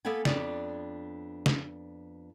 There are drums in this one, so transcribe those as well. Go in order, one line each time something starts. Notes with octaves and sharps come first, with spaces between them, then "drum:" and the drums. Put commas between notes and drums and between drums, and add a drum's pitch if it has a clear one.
A#3 B3 A4 B4 F#5 G#5
F2 G#2 B3 D4 C#5 D5, drum: snare
drum: snare